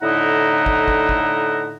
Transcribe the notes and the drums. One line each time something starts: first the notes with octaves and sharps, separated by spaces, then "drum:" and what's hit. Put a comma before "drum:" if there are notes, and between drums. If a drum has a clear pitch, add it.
A2 D3 D#4 E4 F#5 A#5
drum: kick
drum: kick
drum: kick